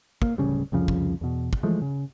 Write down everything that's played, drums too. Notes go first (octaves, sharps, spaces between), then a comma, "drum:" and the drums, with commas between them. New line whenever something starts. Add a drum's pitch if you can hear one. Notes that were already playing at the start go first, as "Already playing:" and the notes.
A#3, drum: kick
D1 A1 C#3 G3
C2 F2 C#3 F3
drum: kick
E2 B2
drum: kick
E3 F3 G#3 A3
C#3